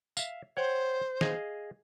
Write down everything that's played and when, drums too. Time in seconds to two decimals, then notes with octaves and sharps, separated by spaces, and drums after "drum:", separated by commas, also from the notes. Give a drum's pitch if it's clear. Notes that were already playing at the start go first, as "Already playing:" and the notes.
0.17 E5 F5, drum: tambourine
0.57 C5 C#5 F#5 G5
1.21 G#4 D#5 F5, drum: snare